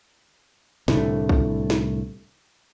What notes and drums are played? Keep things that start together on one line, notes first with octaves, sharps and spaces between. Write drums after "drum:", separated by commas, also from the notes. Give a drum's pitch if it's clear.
C2 A2 D3 A3, drum: snare
drum: kick B1
drum: snare